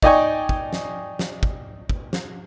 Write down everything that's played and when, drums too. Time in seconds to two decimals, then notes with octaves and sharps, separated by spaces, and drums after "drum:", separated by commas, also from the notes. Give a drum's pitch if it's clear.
0.03 D#4 D5 D#5 G5 G#5 C#6, drum: kick
0.49 drum: kick
0.73 drum: snare
1.19 drum: snare
1.43 drum: kick
1.89 drum: kick
2.13 drum: snare